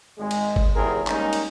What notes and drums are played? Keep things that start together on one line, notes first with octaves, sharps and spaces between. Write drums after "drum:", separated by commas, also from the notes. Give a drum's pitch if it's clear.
G#1 G#3
drum: cymbal
drum: kick G1
G#1 E2 C3 G#4 A#4
G3 G#3 A#3 C#4 D#4, drum: clap
drum: cymbal